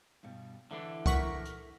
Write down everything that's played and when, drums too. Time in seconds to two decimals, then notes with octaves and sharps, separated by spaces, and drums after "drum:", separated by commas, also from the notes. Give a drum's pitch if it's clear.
0.23 G2 B2 G3
0.71 D3 E3 D4 E4 A4
1.06 A#4 F#5 C#6 B6, drum: kick C2
1.45 drum: hi-hat